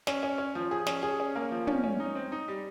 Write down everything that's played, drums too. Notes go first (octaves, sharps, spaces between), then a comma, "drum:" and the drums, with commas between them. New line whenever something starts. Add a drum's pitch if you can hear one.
C#4, drum: snare
C#4
C#4
F3
G#4
C#4, drum: snare
G#4
C#4
A#3
F3
C#4, drum: tom
C#4
D#4
C4
D#4
G3